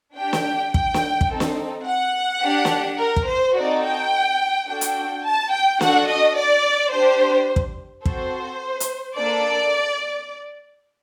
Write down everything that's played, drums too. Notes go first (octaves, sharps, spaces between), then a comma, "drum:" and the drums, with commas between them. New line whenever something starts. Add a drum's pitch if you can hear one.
D4 G4 G5
drum: snare
G5, drum: kick
drum: snare
drum: kick
C4 D#4 A4
drum: snare
F#5
D4 G4
drum: snare
A#4
drum: kick
C5
C4 D#4 F#4 A4 D5
G5
D4 F#4 A4 G5
drum: hi-hat
A5
G5
D4 F#4 A4 F#5, drum: snare
D#5
D5
D4 G4 C5
drum: kick
C4 F#4 A4 C5, drum: kick
drum: hi-hat
A#3 D4 A4 D5